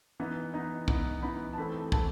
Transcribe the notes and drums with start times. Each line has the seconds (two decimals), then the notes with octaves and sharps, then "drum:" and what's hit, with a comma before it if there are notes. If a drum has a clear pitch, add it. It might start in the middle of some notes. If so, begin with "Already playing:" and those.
0.20 E3 B3 D#4
0.54 E3 B3 D#4
0.88 E3 B3 D#4, drum: kick
1.22 E3 B3 D#4 B5
1.53 A5
1.58 E3 A3 C4 B5
1.92 E3 A3 C4 A5, drum: kick